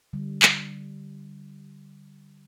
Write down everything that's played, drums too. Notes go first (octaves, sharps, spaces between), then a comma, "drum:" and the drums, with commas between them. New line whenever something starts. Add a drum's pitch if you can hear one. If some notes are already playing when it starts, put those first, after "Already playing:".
D3 G3
drum: clap